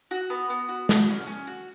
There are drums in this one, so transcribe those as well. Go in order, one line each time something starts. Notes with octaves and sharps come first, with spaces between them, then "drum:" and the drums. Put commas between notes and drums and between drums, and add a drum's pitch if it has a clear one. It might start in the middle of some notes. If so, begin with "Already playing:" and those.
F#4
B3
B3
F#4
F#4, drum: snare
C#4
C#4
F#4